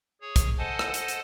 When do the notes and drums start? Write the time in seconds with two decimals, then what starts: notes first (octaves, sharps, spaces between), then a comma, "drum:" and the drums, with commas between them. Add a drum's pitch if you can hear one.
0.21 G#4 C#5
0.36 drum: kick, hi-hat
0.58 A4 C5 D#5 F#5 G#5 A5
0.79 drum: rim click
0.94 drum: hi-hat
1.08 drum: hi-hat